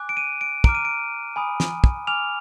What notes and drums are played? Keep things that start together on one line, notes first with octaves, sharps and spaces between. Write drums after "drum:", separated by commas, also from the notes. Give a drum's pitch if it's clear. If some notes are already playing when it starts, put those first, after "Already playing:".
Already playing: G#5 D6 F#6
D7
D#7
D7
A#5 D6 F6 D7, drum: kick
D#7
D7
G#5 B5 D#6
drum: snare
drum: kick
G#5 D6 F6 F7